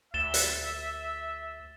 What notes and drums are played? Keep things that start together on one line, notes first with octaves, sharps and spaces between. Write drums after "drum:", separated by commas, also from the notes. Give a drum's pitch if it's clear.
D2 E5 A6 E7 G7
drum: hi-hat